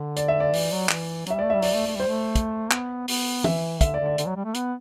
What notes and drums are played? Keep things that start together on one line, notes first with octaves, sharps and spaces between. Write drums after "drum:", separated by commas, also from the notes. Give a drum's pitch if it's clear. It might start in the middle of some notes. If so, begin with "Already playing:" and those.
Already playing: D3
D5, drum: hi-hat
E5
D5
E3, drum: open hi-hat
F#3
E3, drum: clap
F#3 E5, drum: hi-hat
G3 D5
A3
E5
G3
F#3 D5, drum: open hi-hat
A3
A3
G3 C5
A3
drum: kick, hi-hat
B3, drum: clap
B3, drum: open hi-hat
E3 E5, drum: tom
D3 E5, drum: kick, hi-hat
D5
D3
D5
D3, drum: hi-hat
F#3
G3
A3
B3, drum: hi-hat